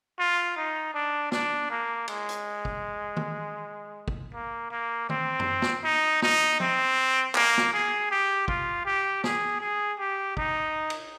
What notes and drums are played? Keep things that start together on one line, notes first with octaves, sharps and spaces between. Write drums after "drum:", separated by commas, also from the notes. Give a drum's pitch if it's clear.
F4
D#4
D4
D4, drum: snare
A#3
G#3, drum: cymbal
drum: hi-hat
drum: kick
drum: tom D#3
drum: kick
A#3
A#3
C4, drum: tom D#3
drum: tom
drum: snare
D#4
D#4, drum: snare
C4, drum: tom F3
A#3, drum: clap
drum: snare
G#4
G4
F4, drum: kick
G4
G#4, drum: snare
G#4
G4
D#4, drum: kick
drum: cymbal